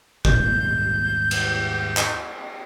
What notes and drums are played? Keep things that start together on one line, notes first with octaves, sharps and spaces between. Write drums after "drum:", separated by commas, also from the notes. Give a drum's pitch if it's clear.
D#2 G#2 G3 G6, drum: kick G1
drum: cymbal
drum: clap